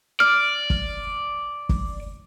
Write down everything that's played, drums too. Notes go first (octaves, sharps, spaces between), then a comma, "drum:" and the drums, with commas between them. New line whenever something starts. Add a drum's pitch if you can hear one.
D5 F6
drum: kick
drum: kick